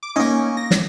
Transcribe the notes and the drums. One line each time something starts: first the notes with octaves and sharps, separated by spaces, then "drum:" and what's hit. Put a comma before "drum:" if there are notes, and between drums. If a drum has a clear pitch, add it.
D6
A#3 C#4 D#4
A#6
drum: snare